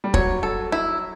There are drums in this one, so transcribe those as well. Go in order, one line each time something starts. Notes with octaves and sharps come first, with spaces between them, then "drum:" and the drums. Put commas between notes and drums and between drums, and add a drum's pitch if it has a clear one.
G3
F#3 C#5, drum: kick
A4
E4